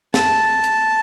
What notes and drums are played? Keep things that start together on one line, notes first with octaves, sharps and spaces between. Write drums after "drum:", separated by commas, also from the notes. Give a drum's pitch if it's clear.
A5, drum: snare
drum: hi-hat